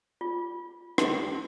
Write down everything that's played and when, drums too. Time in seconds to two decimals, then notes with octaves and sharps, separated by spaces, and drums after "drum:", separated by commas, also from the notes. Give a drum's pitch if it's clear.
0.21 F4
0.98 drum: rim click